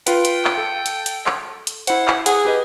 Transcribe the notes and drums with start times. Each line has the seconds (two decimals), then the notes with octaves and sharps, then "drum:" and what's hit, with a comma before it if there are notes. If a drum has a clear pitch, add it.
0.07 F4 B4 G5, drum: hi-hat
0.25 drum: hi-hat
0.45 drum: clap
0.58 A4
0.86 drum: hi-hat
1.06 drum: hi-hat
1.26 drum: clap
1.67 drum: hi-hat
1.87 E4 C5 F#5, drum: hi-hat
2.08 drum: clap
2.26 G#4 F#5 D#6, drum: hi-hat
2.45 G4 B4 D#5